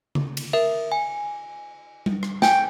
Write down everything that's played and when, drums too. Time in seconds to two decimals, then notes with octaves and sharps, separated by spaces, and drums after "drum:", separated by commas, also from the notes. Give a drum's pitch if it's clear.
0.15 drum: tom C#3
0.37 drum: cymbal
0.53 A#4 E5
0.92 G#5
2.06 drum: tom G3
2.23 drum: rim click
2.42 G5 G#5, drum: snare